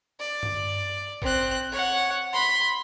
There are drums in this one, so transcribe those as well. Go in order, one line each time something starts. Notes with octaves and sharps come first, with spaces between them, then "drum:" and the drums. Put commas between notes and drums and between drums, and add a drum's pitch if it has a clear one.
D5
drum: tom G2
C4 F#6, drum: kick G#1
C#5 F#5
B5 C6